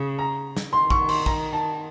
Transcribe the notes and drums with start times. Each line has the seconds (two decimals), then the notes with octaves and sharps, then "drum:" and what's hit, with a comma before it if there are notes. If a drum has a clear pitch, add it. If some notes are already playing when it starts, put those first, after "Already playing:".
Already playing: C#3
0.19 A#5
0.57 drum: snare
0.72 D#3 C6
0.90 C#6, drum: kick
1.09 C6, drum: cymbal
1.26 A#5, drum: kick
1.53 A5